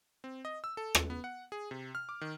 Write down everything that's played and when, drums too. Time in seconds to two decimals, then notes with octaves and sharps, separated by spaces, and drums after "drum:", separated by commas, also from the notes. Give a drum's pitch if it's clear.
0.24 C4
0.45 D#5
0.64 E6
0.77 A4
0.95 drum: rim click
1.10 B3
1.24 F#5
1.52 G#4
1.71 C3
1.95 F6
2.09 D6
2.21 D#3